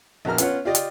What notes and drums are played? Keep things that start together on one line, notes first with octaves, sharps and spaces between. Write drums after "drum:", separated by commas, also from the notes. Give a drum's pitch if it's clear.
A#1 B2 A#3 A#5 F6
B3 C#4 F4 C#5 F#5, drum: hi-hat
F4 G4 D5 D#5
drum: hi-hat